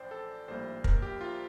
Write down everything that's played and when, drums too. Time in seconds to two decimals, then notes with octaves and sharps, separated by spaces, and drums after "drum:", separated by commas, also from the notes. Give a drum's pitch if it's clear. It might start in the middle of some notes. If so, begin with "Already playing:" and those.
Already playing: A1 G2 F3 C5 D5 G5
0.11 A4
0.48 A#1 A2 G3 A#3 C5
0.84 A#4, drum: kick
1.02 G4
1.21 F4